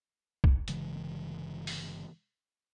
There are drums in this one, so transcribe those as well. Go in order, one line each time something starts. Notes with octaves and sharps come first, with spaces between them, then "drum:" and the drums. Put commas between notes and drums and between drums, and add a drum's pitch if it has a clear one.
drum: kick
G1 C#3 E3 G#3, drum: hi-hat
drum: open hi-hat